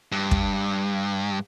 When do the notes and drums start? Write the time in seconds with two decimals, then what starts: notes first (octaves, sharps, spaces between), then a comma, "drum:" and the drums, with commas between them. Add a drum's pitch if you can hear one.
0.12 G2
0.31 drum: kick